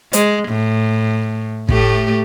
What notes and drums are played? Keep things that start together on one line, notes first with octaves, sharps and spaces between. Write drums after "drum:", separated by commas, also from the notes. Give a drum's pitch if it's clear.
G#3, drum: hi-hat
A2
A2 A3 G4, drum: kick